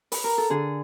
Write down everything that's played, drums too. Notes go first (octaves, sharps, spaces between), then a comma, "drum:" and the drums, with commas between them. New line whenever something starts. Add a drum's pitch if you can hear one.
B4, drum: open hi-hat
A#4
A4
D3 G#4